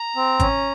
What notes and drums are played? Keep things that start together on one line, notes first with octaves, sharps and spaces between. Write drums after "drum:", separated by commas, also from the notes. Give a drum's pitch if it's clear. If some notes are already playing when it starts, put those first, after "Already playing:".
Already playing: A#5
C4
C#4, drum: kick G#1, hi-hat